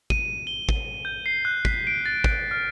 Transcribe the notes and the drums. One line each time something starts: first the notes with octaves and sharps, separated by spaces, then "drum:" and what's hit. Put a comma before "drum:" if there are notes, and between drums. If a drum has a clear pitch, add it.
D#7, drum: kick
G7
drum: kick
G6
C7
F#6
B6, drum: kick
D7
A6
drum: kick
F6